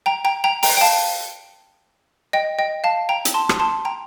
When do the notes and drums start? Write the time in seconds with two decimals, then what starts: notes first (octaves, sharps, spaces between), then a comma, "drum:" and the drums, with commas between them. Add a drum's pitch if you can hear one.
0.06 G5 A#5
0.25 G5 A#5
0.44 G5 A#5
0.63 G5 A#5, drum: open hi-hat
0.77 G5
0.81 F5 A5
2.33 D#5 G5
2.59 D#5 G5
2.84 F5 A5
3.09 G5 A#5
3.25 drum: hi-hat
3.34 A5 C6
3.49 drum: rim click
3.60 A5 C6
3.85 G5 A#5